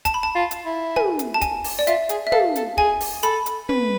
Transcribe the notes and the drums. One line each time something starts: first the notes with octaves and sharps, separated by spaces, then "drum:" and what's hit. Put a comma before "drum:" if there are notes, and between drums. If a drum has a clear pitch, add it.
A5, drum: kick, hi-hat
B5
A5
F4
drum: hi-hat
E4
G#5, drum: tom
drum: hi-hat
A5
G#5, drum: kick, hi-hat
drum: open hi-hat
D5
F4 E5, drum: hi-hat
G#4, drum: hi-hat
E5
A4 F5, drum: tom
A4, drum: hi-hat
G#4 G#5, drum: kick
drum: open hi-hat
A4 B5, drum: hi-hat
drum: hi-hat
B4, drum: tom